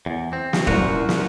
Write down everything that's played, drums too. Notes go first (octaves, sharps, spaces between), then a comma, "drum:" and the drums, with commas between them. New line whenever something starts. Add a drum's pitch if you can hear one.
E2
C4
drum: snare
C2 F#2 A#2 F4 F#4, drum: kick E1
drum: snare